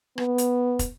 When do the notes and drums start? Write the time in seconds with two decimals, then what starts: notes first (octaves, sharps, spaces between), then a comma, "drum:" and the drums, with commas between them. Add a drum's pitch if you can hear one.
0.18 B3, drum: rim click
0.38 drum: hi-hat
0.79 drum: kick, hi-hat